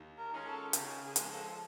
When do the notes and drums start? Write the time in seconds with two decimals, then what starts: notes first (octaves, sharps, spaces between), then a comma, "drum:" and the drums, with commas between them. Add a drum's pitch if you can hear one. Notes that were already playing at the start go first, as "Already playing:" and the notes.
Already playing: D#2
0.18 A#4
0.32 D#3 G#3 C#4 F4
0.46 A4
0.73 C#3 G4, drum: hi-hat
1.02 G#4
1.16 F3 G#3, drum: hi-hat
1.30 A4